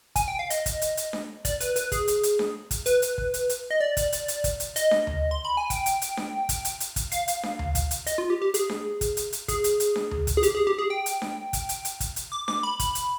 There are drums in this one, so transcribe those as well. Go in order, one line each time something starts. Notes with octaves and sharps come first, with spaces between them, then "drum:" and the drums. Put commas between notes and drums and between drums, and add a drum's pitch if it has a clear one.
G#5, drum: kick, hi-hat
G5
F5
D#5, drum: hi-hat
drum: kick, hi-hat
drum: hi-hat
drum: hi-hat
drum: snare D4
D5, drum: kick, hi-hat
B4, drum: hi-hat
B4, drum: hi-hat
G#4, drum: kick, hi-hat
drum: hi-hat
drum: hi-hat
drum: snare D4
drum: kick, hi-hat
B4, drum: hi-hat
drum: hi-hat
drum: kick
drum: hi-hat
drum: hi-hat
D#5
D5
drum: kick, hi-hat
drum: hi-hat
drum: hi-hat
drum: kick, hi-hat
drum: hi-hat
D#5, drum: hi-hat
drum: snare D4
drum: tom D2
C6
B5
G#5
G5, drum: kick, hi-hat
drum: hi-hat
drum: hi-hat
drum: snare D4
drum: kick, hi-hat
drum: hi-hat
drum: hi-hat
drum: kick, hi-hat
F5, drum: hi-hat
drum: hi-hat
drum: snare D4
drum: tom D2
drum: kick, hi-hat
drum: hi-hat
D#5, drum: hi-hat
F4
G4
G4
G#4, drum: hi-hat
drum: snare D4
drum: kick, hi-hat
drum: hi-hat
drum: hi-hat
G#4, drum: kick, hi-hat
drum: hi-hat
drum: hi-hat
drum: snare D4
drum: tom D2
drum: kick, hi-hat
G#4
G4, drum: hi-hat
G#4
G4
G#4
G5
drum: hi-hat
drum: snare D4
drum: kick, hi-hat
drum: hi-hat
drum: hi-hat
drum: kick, hi-hat
drum: hi-hat
D6
D6, drum: snare D4
B5
B5, drum: kick, hi-hat
drum: hi-hat